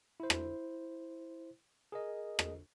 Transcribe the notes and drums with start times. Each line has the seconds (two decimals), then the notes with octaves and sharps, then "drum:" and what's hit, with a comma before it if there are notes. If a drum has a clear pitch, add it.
0.20 E4 C5
0.30 drum: rim click
1.92 G#4 A#4 D#5
2.39 drum: rim click